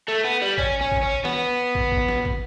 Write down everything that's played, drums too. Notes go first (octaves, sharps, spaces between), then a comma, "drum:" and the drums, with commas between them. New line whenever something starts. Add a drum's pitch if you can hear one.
A3
B3
G3
C#4, drum: kick
C#4
drum: kick
C#4
B3, drum: snare
drum: kick
drum: kick
drum: snare
drum: kick